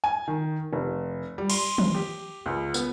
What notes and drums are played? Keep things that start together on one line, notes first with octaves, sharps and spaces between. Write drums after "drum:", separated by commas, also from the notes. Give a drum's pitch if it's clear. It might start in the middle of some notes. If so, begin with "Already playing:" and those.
G#5
D#3
F1
G3
C6, drum: cymbal
drum: tom
G4
C#2
B3, drum: tambourine